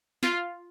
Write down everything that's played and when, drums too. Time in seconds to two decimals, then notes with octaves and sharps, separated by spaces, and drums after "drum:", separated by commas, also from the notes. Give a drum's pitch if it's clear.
0.23 F4, drum: snare